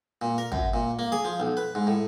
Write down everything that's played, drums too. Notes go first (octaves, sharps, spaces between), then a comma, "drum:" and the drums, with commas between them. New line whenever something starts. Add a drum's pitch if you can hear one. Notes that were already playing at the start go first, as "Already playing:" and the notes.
A#2
A#4
F#2, drum: kick
A#2
A#3
G#4, drum: snare
F3
B1
B4
G#2
A2